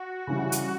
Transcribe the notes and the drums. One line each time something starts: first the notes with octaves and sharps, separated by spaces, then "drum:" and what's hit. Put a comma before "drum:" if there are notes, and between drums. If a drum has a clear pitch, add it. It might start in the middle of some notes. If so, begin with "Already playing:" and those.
Already playing: F#4
C#3 E3 G3
drum: hi-hat